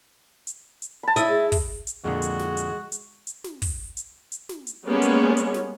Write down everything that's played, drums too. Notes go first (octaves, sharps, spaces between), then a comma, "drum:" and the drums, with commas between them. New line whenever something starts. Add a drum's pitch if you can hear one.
drum: hi-hat
drum: hi-hat
A5 B5
E4 D#5, drum: hi-hat
G#4
drum: kick, open hi-hat
drum: hi-hat
F2 A#2 D3 G#3 F#4
drum: hi-hat
drum: snare
drum: hi-hat
drum: hi-hat
drum: hi-hat
drum: snare
drum: kick, open hi-hat
drum: hi-hat
drum: hi-hat
drum: snare
drum: hi-hat
G3 G#3 A#3 B3 C#4 C#5
drum: hi-hat
drum: hi-hat
drum: snare